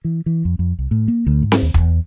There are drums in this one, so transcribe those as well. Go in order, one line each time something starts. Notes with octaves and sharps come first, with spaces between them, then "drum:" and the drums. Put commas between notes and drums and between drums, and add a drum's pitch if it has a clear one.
E3
E3
F2
F2
C2
A2
A#3
D2
G#2
drum: snare C4
D#2
E2, drum: kick